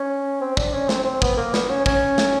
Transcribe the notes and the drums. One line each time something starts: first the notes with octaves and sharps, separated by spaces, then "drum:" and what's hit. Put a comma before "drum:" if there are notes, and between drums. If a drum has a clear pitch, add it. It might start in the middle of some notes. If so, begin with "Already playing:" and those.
Already playing: C#4
C4
D4, drum: kick
C#4
C4, drum: snare
C4
B3, drum: kick
A#3
B3, drum: snare
C#4
C#4, drum: kick
drum: snare